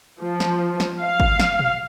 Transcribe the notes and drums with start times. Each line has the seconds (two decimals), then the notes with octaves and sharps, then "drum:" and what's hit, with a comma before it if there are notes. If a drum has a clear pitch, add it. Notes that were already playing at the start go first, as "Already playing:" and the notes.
0.20 F3
0.40 drum: snare
0.80 drum: snare
1.01 F5
1.20 drum: kick G#1
1.39 drum: snare
1.59 drum: tom A#2